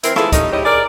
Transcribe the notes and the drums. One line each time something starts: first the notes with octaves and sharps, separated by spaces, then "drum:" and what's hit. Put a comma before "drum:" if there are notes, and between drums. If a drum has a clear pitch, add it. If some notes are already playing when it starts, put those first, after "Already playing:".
E3 C4 E4 A#4, drum: hi-hat
E3 E4 F4 G#4 A4, drum: rim click
G3 C#4 D#4, drum: kick C#2, hi-hat
G#2 E4 G4 C#5 D#5
G#4 A#4 D5